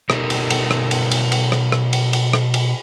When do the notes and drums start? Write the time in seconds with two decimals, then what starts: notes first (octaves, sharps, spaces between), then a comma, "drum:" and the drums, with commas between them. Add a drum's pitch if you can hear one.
0.10 B2 D#4 G4 A4 A#4, drum: rim click
0.30 drum: cymbal
0.50 drum: cymbal
0.71 drum: rim click
0.91 drum: cymbal
1.11 drum: cymbal
1.32 drum: cymbal
1.52 drum: rim click
1.72 drum: rim click
1.93 drum: cymbal
2.13 drum: cymbal
2.33 drum: rim click
2.54 drum: cymbal